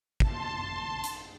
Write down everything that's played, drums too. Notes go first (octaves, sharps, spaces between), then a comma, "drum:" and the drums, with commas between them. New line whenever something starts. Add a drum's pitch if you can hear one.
A5 C6, drum: kick
drum: hi-hat